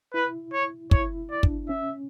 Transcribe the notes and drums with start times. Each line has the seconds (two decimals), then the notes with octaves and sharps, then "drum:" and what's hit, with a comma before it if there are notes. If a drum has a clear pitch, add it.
0.14 E4 B4
0.53 C#5
0.91 E4 C#5, drum: kick
1.30 D5
1.43 D4, drum: kick
1.69 C#4 E5